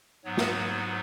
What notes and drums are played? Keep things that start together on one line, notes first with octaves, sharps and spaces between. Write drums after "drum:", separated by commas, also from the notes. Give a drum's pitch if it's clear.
G#2 F#3 B3 C#5
drum: snare